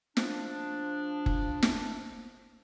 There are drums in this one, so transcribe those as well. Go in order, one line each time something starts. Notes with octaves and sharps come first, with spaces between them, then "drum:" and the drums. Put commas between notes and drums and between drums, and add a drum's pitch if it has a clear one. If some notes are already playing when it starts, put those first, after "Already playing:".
F3 D4, drum: snare
drum: kick F#1
drum: snare